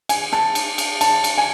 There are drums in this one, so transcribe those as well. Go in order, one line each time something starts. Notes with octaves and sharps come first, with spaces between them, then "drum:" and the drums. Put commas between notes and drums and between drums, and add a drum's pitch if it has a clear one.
G#5, drum: cymbal
A5, drum: rim click
drum: cymbal
drum: cymbal
A5, drum: cymbal
drum: cymbal
G#5